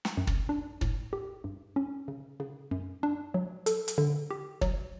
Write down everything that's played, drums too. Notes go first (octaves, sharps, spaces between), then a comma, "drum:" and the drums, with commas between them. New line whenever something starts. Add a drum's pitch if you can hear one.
drum: snare
F#2
drum: kick
D4
A2, drum: kick
G4
G2
C#4
C#3
C#3
F#2
D4
F#3
A4, drum: hi-hat
drum: hi-hat
D3
G4
F#3, drum: kick